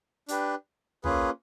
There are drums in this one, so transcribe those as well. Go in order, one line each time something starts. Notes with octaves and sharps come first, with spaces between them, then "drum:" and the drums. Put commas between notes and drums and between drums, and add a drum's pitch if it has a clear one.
D4 G4 B4, drum: hi-hat
A#3 C#4 F4 G#4 B4, drum: tom